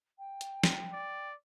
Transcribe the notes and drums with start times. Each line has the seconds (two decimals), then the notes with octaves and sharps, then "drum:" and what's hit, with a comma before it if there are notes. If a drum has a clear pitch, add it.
0.18 G5
0.41 drum: hi-hat
0.64 drum: snare
0.93 D5